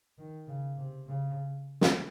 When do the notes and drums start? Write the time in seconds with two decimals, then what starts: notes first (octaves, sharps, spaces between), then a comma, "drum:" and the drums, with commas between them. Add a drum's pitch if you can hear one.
0.18 D#3
0.47 C#3
0.77 C3
1.06 C#3
1.81 drum: snare